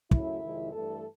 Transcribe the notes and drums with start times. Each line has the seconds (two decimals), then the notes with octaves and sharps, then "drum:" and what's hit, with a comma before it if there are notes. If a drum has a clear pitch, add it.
0.11 F#2 C#3 F#3 A3 E4, drum: kick
0.42 F2 C3 D#3 G#3
0.73 G2 E3 A3 A4